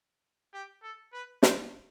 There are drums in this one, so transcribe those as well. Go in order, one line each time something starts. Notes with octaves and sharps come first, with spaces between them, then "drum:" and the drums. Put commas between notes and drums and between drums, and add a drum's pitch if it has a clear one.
G4
A4
B4
C5, drum: snare